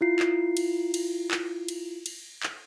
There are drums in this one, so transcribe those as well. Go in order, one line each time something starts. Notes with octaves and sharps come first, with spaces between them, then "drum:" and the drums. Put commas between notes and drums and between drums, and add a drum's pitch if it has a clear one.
E4 F4 C7
drum: clap
drum: cymbal
drum: cymbal
drum: clap
drum: cymbal
drum: cymbal
drum: clap